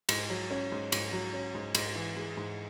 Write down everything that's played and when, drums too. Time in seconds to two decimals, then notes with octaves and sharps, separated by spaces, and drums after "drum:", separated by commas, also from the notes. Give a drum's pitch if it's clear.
0.09 G#2, drum: cymbal
0.30 F#3
0.51 C#4
0.72 G#2
0.92 G#2, drum: cymbal
1.12 F#3
1.33 C#4
1.55 G#2
1.75 G#2, drum: cymbal
1.95 E3
2.17 G#3
2.37 G#2